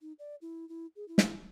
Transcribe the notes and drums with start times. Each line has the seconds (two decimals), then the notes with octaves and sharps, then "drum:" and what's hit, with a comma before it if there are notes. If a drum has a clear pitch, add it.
0.01 D#4
0.19 D5
0.41 E4
0.69 E4
0.96 G#4
1.08 E4
1.18 drum: snare